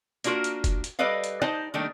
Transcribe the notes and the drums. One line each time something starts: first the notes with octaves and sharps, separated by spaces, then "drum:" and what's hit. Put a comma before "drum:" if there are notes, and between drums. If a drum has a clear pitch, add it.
A#3 D4 F4 F#4 A#4, drum: hi-hat
drum: hi-hat
drum: kick F#1, hi-hat
drum: hi-hat
G3 A4 B4 D5 D#5 F5
drum: hi-hat
D#4 C5 D5 D#5 A5, drum: rim click
D#3 G3 A3 A#3 D4